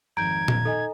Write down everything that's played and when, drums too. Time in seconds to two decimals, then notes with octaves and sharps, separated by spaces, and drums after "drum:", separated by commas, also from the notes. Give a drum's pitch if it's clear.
0.17 G#1 F2 A#5 G6 G#6 D7
0.48 drum: tom A#2
0.65 D#4 A4 D#5 G#5